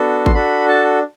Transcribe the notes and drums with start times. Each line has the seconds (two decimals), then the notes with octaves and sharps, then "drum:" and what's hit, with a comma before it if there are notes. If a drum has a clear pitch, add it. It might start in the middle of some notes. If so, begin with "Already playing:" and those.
Already playing: B3 D4 F#4 A4
0.26 C6, drum: kick G#1
0.34 D4 F#4 A4 B5
0.68 A5